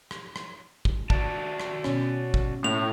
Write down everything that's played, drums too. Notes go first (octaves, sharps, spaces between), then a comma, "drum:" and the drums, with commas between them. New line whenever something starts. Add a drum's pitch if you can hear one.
drum: rim click
drum: rim click
drum: kick
F#4 D5 A5, drum: kick
drum: rim click
B2 C#4, drum: rim click
drum: kick
A2 F7